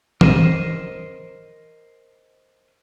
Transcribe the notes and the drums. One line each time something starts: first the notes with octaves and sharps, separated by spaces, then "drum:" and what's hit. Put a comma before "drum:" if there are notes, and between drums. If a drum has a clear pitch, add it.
A#4 C5 D#5, drum: tom